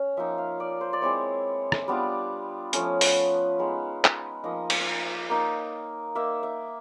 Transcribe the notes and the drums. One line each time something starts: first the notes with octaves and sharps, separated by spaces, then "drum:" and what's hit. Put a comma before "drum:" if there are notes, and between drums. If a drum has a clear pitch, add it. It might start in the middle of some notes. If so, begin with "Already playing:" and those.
Already playing: C#4
F3 A#3 D#4 E5
F5
D5
C5
D5
G#3 C4 E4 C#5
drum: rim click
G3 B3 D4 F4
F3 A3 C#4, drum: hi-hat
B4, drum: open hi-hat
G#3 B3 D#4
drum: clap
F3 A#3 D#4 D#5
drum: cymbal
A#3 D#4
A#3 D#4 E5
E5